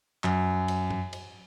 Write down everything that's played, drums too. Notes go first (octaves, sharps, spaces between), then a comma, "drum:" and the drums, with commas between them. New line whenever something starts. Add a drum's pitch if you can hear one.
F#2, drum: clap
drum: cymbal
drum: tom G2
drum: cymbal